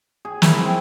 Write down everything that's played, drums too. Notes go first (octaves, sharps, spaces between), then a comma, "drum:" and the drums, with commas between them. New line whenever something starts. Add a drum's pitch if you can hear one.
G#4
E4, drum: snare
C4